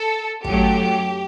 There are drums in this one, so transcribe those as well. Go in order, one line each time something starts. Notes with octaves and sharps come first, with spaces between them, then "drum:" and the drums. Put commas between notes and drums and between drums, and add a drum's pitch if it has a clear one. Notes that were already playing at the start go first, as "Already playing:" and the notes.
Already playing: A4
F#2 F#3 A3 G4, drum: kick